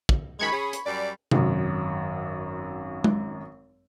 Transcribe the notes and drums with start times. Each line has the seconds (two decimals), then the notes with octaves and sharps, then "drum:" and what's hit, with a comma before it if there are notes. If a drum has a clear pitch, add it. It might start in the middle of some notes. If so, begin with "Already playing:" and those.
0.09 drum: kick
0.39 F#2 D#3 G#3 B5 C#6 G#6
0.52 C#4 G#4
0.73 drum: hi-hat
0.86 F#2 G3 D5
1.31 G#1 F#2, drum: tom C3
3.04 drum: tom G#3